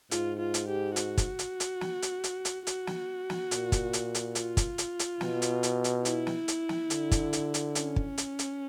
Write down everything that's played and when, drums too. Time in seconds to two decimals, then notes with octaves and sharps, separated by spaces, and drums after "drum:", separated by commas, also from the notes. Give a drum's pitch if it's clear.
0.11 G#2 F4, drum: hi-hat
0.40 F4
0.54 drum: hi-hat
0.69 G4
0.96 F#4, drum: hi-hat
1.18 drum: kick, hi-hat
1.39 drum: hi-hat
1.60 drum: hi-hat
1.81 drum: snare
2.02 drum: hi-hat
2.24 drum: hi-hat
2.45 drum: hi-hat
2.67 F#4, drum: hi-hat
2.87 drum: snare
3.30 drum: snare
3.51 A#2, drum: hi-hat
3.72 drum: kick, hi-hat
3.93 drum: hi-hat
4.15 drum: hi-hat
4.35 F4, drum: hi-hat
4.57 drum: kick, hi-hat
4.78 drum: hi-hat
4.99 drum: hi-hat
5.21 B2, drum: snare
5.42 drum: hi-hat
5.63 drum: hi-hat
5.84 drum: hi-hat
6.05 E4, drum: hi-hat
6.27 drum: snare
6.48 drum: hi-hat
6.69 drum: snare
6.90 D3, drum: hi-hat
7.11 drum: kick, hi-hat
7.33 drum: hi-hat
7.54 drum: hi-hat
7.75 C#4, drum: hi-hat
7.96 drum: kick
8.18 drum: hi-hat
8.39 drum: hi-hat